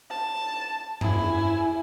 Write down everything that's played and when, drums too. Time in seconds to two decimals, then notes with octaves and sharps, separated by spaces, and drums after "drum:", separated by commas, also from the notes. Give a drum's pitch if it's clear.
0.10 A5
1.01 E4 G#5, drum: tom G2